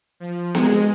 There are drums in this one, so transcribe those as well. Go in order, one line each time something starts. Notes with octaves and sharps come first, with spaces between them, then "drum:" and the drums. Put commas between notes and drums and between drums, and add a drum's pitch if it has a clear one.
F3
G#3, drum: snare B3